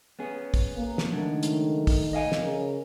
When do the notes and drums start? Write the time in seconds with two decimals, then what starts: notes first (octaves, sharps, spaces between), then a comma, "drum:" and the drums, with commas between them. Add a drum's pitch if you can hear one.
0.19 B3 C#4 G#4
0.54 drum: kick, open hi-hat
0.76 A#3
0.98 drum: snare
1.12 C#2 D#3 F#3 A3 D4
1.43 drum: hi-hat
1.87 drum: kick, open hi-hat
2.13 D#5 F5 G#5
2.32 drum: snare
2.42 C#3 A#4